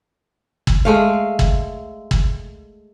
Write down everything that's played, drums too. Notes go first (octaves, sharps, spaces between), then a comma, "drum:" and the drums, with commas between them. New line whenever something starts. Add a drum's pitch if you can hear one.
drum: kick
G#3 A3 F5
drum: kick
drum: kick